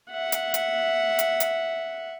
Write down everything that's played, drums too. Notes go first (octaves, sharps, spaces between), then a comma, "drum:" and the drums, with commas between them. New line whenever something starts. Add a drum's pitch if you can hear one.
E5 F#5
drum: hi-hat
drum: hi-hat
drum: hi-hat
drum: hi-hat